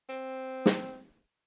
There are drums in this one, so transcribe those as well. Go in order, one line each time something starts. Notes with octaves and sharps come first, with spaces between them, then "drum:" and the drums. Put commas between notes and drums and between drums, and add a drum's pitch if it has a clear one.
C4
drum: snare